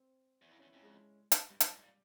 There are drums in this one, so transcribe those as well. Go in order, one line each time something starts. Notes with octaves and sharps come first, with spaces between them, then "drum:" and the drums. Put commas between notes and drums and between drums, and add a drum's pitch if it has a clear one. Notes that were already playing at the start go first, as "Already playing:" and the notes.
Already playing: C4
E2
F2 E4
C#4
E2
E4
F2 C#4
G#3
drum: hi-hat
G2 G3
G#2, drum: hi-hat
A#2
G#2
A#2